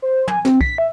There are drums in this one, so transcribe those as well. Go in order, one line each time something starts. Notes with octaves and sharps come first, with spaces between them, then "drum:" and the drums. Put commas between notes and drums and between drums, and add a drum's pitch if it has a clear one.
C5
G#5, drum: tom
C4, drum: snare
B6, drum: kick
E5